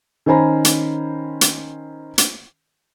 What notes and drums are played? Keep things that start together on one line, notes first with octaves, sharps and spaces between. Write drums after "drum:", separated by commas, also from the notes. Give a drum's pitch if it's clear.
D#3 C#4 C5 G#5 A#5 B5
drum: hi-hat
drum: hi-hat
drum: hi-hat